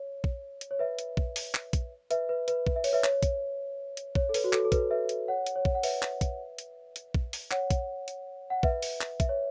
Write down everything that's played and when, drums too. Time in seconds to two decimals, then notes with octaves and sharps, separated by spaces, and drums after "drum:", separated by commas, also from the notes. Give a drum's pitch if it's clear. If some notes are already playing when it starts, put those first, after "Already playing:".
Already playing: C#5
0.24 drum: kick
0.61 drum: hi-hat
0.71 C#5
0.79 B4 E5
0.99 drum: hi-hat
1.17 drum: kick
1.36 drum: open hi-hat
1.55 drum: clap
1.73 drum: kick, hi-hat
2.11 B4 E5, drum: hi-hat
2.29 B4
2.48 B4, drum: hi-hat
2.67 drum: kick
2.76 E5
2.84 C#5, drum: open hi-hat
2.93 B4 E5
3.04 C#5, drum: clap
3.23 drum: kick, hi-hat
3.97 drum: hi-hat
4.15 C#5, drum: kick
4.29 A4
4.34 B4, drum: open hi-hat
4.44 F#4
4.53 A4, drum: clap
4.65 A4
4.72 B4, drum: kick, hi-hat
4.91 B4 E5
5.09 drum: hi-hat
5.28 C#5 F#5
5.47 drum: hi-hat
5.56 C#5
5.65 drum: kick
5.75 F#5
5.83 B4 E5, drum: open hi-hat
6.02 drum: clap
6.21 drum: kick, hi-hat
6.58 drum: hi-hat
6.96 drum: hi-hat
7.14 drum: kick
7.33 drum: open hi-hat
7.51 C#5 F#5, drum: clap
7.70 drum: kick, hi-hat
8.08 drum: hi-hat
8.50 F#5
8.63 B4 E5, drum: kick
8.82 drum: open hi-hat
9.01 drum: clap
9.20 E5, drum: kick, hi-hat
9.29 C#5